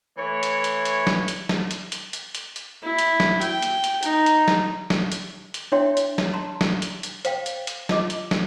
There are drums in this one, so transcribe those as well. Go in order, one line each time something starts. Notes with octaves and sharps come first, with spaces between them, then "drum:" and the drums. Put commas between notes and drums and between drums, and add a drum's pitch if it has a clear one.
E3 A3 C#5
drum: hi-hat
drum: hi-hat
drum: hi-hat
drum: snare
drum: hi-hat
drum: snare
drum: hi-hat
drum: hi-hat
drum: hi-hat
drum: hi-hat
drum: hi-hat
E4
drum: hi-hat
drum: snare
G5, drum: hi-hat
drum: hi-hat
drum: hi-hat
D#4, drum: hi-hat
drum: hi-hat
drum: snare
drum: snare
drum: hi-hat
drum: hi-hat
D4 E4 C#5 E5 G5 C6
drum: hi-hat
drum: snare
A5 A#5 C6
drum: snare
drum: hi-hat
drum: hi-hat
C5 F5 G5, drum: hi-hat
drum: hi-hat
drum: hi-hat
F4 D#5 D6, drum: snare
drum: hi-hat
drum: snare